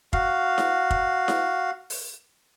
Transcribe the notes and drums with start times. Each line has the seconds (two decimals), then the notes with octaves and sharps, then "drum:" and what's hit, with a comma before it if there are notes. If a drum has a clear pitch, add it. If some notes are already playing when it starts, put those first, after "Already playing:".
0.13 F#4 F5, drum: kick
0.58 drum: snare E4
0.91 drum: kick
1.28 drum: snare E4
1.90 drum: open hi-hat